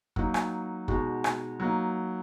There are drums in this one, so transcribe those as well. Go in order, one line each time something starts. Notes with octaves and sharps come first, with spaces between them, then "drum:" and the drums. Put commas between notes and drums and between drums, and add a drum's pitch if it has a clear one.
F#3 A#3 D#4, drum: kick
drum: rim click
B2 G#3 D#4 F#4, drum: kick
drum: rim click
F#3 A#3 D#4